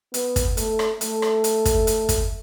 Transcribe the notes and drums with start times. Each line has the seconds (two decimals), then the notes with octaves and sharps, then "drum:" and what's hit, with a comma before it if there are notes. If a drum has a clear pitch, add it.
0.14 B3, drum: hi-hat
0.36 drum: kick, hi-hat
0.57 A3, drum: hi-hat
0.79 drum: rim click
1.01 A3, drum: hi-hat
1.22 drum: rim click
1.44 drum: hi-hat
1.65 drum: kick, hi-hat
1.87 drum: hi-hat
2.09 drum: kick, hi-hat